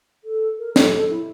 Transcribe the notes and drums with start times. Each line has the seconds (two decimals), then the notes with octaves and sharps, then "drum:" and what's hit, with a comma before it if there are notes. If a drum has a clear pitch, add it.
0.24 A4
0.59 A#4
0.76 A4, drum: snare
0.93 A4
1.10 E4